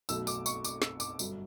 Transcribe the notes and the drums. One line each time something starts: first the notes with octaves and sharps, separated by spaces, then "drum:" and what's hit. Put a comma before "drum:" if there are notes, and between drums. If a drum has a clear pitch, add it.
B1 B2 F#3 A3 E6, drum: tambourine
D6, drum: tambourine
C#6, drum: tambourine
D6, drum: tambourine
E6, drum: snare
D6, drum: tambourine
G1 G2 F#3, drum: tambourine